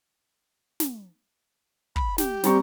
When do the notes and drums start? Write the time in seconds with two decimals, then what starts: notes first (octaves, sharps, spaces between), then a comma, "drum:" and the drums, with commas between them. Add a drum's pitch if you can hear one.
0.80 drum: snare
1.96 B5, drum: kick
2.18 G4, drum: snare
2.44 G3 C4 A#5 C#6, drum: snare